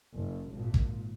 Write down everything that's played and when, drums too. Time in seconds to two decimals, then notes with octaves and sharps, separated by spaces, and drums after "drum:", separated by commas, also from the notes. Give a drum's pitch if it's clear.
0.14 F#1
0.51 G#1 A#2
0.74 drum: kick